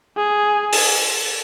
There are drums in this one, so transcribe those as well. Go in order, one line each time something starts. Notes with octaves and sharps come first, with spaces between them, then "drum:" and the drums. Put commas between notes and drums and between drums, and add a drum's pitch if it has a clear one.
G#4
drum: open hi-hat